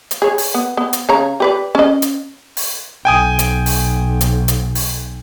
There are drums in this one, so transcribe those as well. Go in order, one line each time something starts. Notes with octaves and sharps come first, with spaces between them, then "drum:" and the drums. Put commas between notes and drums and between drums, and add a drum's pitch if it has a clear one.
drum: hi-hat
G#4 C#5
drum: open hi-hat
B3
B3
drum: hi-hat
C#3 C#5 A#5
G4 B4 D5
C#4 D#5
drum: hi-hat
drum: open hi-hat
B1 G5 G#5 D#6
drum: hi-hat
drum: open hi-hat
drum: hi-hat
drum: hi-hat
drum: open hi-hat